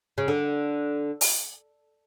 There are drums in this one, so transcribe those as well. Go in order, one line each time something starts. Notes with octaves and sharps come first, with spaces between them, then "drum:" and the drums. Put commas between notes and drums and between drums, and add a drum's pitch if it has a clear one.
C#3
D3
drum: open hi-hat